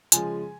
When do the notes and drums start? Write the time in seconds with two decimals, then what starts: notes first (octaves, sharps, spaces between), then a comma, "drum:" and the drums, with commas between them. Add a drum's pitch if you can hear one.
0.12 C#3 F3 G#3 G#5, drum: hi-hat